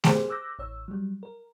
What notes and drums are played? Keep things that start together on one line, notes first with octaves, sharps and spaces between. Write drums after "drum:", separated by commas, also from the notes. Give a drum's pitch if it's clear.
G4 G#4 A#4 C5, drum: snare A3
D6 E6 F#6 G6 A#6
A1 C#5 E6
F#3 G3
A#4